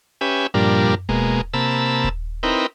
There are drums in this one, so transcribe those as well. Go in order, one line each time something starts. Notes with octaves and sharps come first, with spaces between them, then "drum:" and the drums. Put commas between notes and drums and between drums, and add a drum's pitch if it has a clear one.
C#4 G4 B4 E5 G#5
G2 A#2 F3 G3 D4 A#4
drum: tom F#2
B2 G#3 A#3, drum: kick D#1
C3 A#3 A5 B5 E6
drum: kick D#1
C4 D#4 E4 A#4 B4 G5